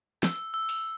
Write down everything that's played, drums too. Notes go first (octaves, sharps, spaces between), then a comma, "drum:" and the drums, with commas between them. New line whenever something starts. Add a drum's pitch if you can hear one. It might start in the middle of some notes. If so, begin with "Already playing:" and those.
E6, drum: snare
E6
drum: open hi-hat